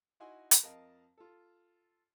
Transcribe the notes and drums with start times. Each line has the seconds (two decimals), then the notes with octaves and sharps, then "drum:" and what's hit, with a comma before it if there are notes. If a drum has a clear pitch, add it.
0.20 D#4 E4 F#4 D#5 G#5 C6
0.51 drum: hi-hat
0.63 F2 A#4 D#5 F5 A5
1.18 F4 A4